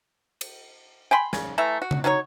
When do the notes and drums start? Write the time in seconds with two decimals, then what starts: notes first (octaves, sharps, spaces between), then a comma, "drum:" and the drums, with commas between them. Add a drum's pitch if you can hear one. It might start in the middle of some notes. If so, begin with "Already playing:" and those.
0.41 drum: cymbal
1.11 G5 G#5 B5 C6
1.33 C#3, drum: snare
1.58 E3 A3 E5 A#5
1.82 F#4
1.91 drum: tom C#3
2.04 F#3 D#4 A4 C#5